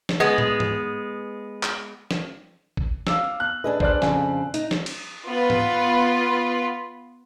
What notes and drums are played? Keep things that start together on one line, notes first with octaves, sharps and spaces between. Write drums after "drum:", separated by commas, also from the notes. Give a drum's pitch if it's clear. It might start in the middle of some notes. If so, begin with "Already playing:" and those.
drum: snare
G#3 B3
drum: tom
drum: tom G#2
drum: clap
drum: snare
drum: kick A1
F5 D6 E6, drum: snare
F#6
D4 G#4 B4 D#5
C5 D5 F#6, drum: kick A1
F2 C#3, drum: snare
D#4, drum: hi-hat
drum: snare
drum: cymbal
B3 F4 B4
drum: tom G#2